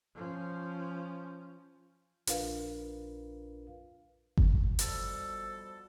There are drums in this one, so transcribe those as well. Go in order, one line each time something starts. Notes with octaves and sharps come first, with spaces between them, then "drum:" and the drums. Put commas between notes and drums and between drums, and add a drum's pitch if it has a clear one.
F3 C#4
A#1 D4 F4 A#4 B4 F5, drum: hi-hat
drum: kick G1
B2 F3 G3 A4, drum: hi-hat